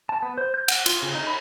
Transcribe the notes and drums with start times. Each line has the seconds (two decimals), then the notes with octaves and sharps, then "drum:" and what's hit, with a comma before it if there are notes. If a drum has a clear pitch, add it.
0.09 A5
0.22 B3
0.38 C5
0.54 G6
0.68 F#5, drum: cymbal
0.86 F4, drum: cymbal
1.02 C#3
1.15 D#4
1.27 B5